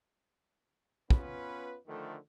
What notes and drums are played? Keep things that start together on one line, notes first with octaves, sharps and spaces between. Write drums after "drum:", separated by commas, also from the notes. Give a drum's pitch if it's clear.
B3 C#4 F4 B4, drum: kick
D3 D#3 F3 A3